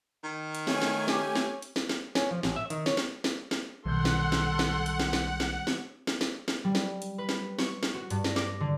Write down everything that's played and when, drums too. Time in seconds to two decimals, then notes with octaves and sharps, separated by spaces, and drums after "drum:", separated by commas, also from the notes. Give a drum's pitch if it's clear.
0.23 D#3
0.55 drum: hi-hat
0.67 A3 C#5 G#5, drum: snare
0.82 drum: snare
1.08 C#4 G4, drum: snare
1.35 drum: snare
1.62 drum: hi-hat
1.76 drum: snare
1.89 drum: snare
2.15 C#4, drum: snare
2.31 F3
2.43 A1, drum: snare
2.56 E5
2.70 D#3, drum: hi-hat
2.86 C#5, drum: snare
2.97 drum: snare
3.24 drum: snare
3.51 drum: snare
3.85 B1 D#3 G3 G#3 A4 F#5 C6 G6
4.05 drum: snare
4.32 drum: snare
4.59 drum: snare
4.86 drum: hi-hat
5.00 drum: snare
5.13 drum: snare
5.40 drum: snare
5.67 drum: snare
6.07 drum: snare
6.21 drum: snare
6.48 drum: snare
6.64 G3
6.75 drum: snare
7.02 drum: hi-hat
7.18 B4
7.29 drum: snare
7.59 C#6, drum: snare
7.83 drum: snare
7.95 F#4
8.10 G2, drum: hi-hat
8.24 A#6, drum: snare
8.36 D6, drum: snare
8.60 D3